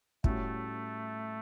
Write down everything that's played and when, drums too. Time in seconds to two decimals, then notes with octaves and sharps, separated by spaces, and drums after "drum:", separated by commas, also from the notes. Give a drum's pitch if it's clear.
0.24 A2 G3 A3 C#4 F#4, drum: kick